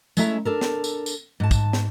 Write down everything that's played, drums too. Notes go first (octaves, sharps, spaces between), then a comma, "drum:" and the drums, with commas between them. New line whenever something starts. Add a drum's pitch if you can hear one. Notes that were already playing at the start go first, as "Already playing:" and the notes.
G#3 A3 C#4 E4 E5 A#5, drum: tambourine
D4 A4 A#4
drum: snare
drum: tambourine
drum: tambourine
G#2 A5
drum: kick, tambourine
drum: snare